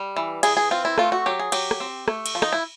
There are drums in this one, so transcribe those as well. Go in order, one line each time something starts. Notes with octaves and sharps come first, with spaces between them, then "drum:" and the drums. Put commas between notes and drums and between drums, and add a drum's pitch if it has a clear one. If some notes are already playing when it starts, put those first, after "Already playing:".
Already playing: G3
E3
E3 G#4, drum: cymbal
G#4
C4 F4
E4
A3 F4, drum: rim click
F#4
F#3 G4
G#4
F#3 G4, drum: cymbal
drum: rim click
C4
A3, drum: rim click
drum: cymbal
F3
D#4, drum: rim click
E4